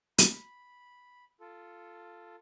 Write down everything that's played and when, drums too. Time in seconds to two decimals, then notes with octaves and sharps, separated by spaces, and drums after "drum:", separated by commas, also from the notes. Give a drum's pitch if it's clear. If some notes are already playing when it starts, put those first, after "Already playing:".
0.18 B5, drum: hi-hat
1.41 F4 A4